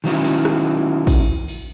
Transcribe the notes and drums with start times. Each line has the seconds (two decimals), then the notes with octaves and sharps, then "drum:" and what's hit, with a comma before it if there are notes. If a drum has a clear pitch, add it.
0.04 D#3 F#3 C#4 E4
0.24 drum: cymbal
0.45 drum: rim click
1.07 drum: kick, cymbal
1.48 drum: cymbal